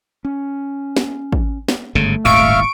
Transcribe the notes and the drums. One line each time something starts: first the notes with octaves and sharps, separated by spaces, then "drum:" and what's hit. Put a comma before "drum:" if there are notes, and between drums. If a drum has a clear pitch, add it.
C#4
drum: snare
drum: kick
drum: snare
G1 G#2 C#3 A3
D#1 G#1 A2 E5 F5 C#6 F6 D7